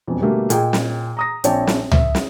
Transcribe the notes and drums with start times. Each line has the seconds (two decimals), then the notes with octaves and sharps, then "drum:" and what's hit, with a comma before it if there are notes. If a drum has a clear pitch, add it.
0.07 E1 F2
0.21 B2 D3 G3 A3 A#3
0.50 A#2 G#4 D#5 G5, drum: hi-hat
0.73 drum: snare
1.17 A#5 D#6 A#6
1.44 A#1 C4 C#5 D5 G5 A5, drum: hi-hat
1.67 drum: snare
1.92 E5, drum: tom C#2
2.15 drum: snare